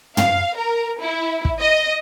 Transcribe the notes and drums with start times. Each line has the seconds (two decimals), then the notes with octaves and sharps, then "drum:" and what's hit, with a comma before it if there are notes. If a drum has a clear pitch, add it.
0.17 F5, drum: tom
0.57 A#4
1.01 E4
1.45 drum: kick
1.60 D#5